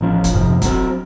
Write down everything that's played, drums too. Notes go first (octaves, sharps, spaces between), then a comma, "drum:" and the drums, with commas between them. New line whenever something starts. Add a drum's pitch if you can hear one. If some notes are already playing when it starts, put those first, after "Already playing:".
A1 F3 C#4
drum: kick, hi-hat
F2 G#2 C3 F3
F#3 C4, drum: kick, hi-hat